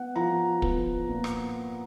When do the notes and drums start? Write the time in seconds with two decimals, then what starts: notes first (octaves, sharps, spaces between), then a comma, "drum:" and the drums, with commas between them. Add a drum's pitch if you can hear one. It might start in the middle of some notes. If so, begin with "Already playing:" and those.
Already playing: B3 F#5
0.16 F3 A#5
0.62 B3, drum: kick
1.09 A#2
1.24 drum: rim click